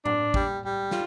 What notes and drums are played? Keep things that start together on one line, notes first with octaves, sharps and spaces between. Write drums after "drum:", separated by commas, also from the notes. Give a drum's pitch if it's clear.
D4, drum: tom A2
G3, drum: kick G#1
G3
F4, drum: snare